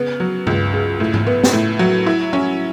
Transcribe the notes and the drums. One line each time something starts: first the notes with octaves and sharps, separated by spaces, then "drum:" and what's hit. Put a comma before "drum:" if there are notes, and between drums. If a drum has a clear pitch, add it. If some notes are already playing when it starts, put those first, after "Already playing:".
Already playing: C#3 B3
F#3
C#2, drum: tom G2
C#3
A2
drum: tom G#2
B3
drum: snare
A2
F#3
E4
C#4